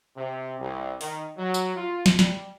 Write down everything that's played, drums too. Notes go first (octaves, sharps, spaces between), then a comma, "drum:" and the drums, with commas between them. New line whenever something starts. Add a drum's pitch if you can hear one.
C3
C2
D#3, drum: open hi-hat
F#3
drum: tambourine
F4
drum: snare
G3, drum: snare